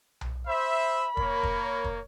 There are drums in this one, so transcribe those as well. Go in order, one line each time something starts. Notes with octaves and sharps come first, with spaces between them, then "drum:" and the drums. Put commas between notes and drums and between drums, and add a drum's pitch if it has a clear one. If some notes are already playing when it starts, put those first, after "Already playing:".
drum: tom B1
C5 E5 B5
A#3 A#4 C#5, drum: kick
drum: kick
drum: kick